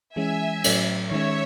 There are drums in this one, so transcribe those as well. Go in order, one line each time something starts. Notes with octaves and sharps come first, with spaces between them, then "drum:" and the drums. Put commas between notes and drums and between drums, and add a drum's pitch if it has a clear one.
E3 G#3 C#4 E5 G#5
A2 F#3 C#4, drum: cymbal
D#3 G#3 C#4 C#5 E5